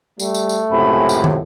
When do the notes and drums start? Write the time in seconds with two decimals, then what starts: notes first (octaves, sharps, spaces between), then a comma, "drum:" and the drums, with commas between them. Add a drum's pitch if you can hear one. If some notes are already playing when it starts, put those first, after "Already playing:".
0.19 G3 A3, drum: tambourine
0.34 drum: tambourine
0.49 drum: tambourine
0.72 C#2 F#2 A2 C3 B5
1.09 drum: tambourine
1.24 drum: tom